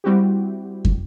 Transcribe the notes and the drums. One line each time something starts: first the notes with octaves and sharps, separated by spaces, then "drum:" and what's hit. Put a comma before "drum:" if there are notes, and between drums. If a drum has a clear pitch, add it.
G3 C4 E4 F#4 G4
drum: kick